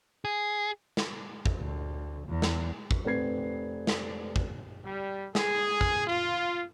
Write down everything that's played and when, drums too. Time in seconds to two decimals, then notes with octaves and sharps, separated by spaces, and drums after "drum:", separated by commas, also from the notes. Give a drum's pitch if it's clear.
0.25 G#4
0.97 drum: snare
1.46 drum: kick
1.59 D2
2.28 E2
2.42 drum: snare
2.91 drum: kick
3.04 F1 C4 B4 G#6 C7
3.87 drum: snare
4.36 drum: kick
4.85 G3
5.35 G#4, drum: snare
5.81 drum: kick
6.07 F4